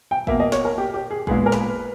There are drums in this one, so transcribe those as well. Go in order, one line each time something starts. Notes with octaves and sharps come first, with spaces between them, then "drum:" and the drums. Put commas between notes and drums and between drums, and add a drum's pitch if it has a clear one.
G5
B2 A#3 E5, drum: kick
D#5
C#5, drum: snare
A#4
G4
G4
G#4
A#2 G#3 B3 G#4, drum: kick
A#4
B4, drum: snare